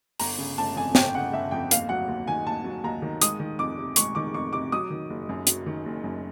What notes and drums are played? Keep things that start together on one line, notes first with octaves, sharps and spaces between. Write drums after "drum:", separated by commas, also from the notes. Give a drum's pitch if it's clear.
G1 A#5, drum: open hi-hat
C#3
G1 A5
F2 G#5
G1 G5, drum: snare
C#3 F#5
G1 E5
F2 G5
D#2 F5, drum: hi-hat
F#3 F#5
D#2
D#3 G#5
D#2 A5
F#3
D#2 A#5
D#3
G#3 D#6, drum: hi-hat
D#3
F2 D6
C3
G#3 C#6, drum: hi-hat
D#3 D6
F2 C#6
C3 D6
F#3 D#6
D#3
F#1
F#2
F#3, drum: hi-hat
D#3
F#1
F#2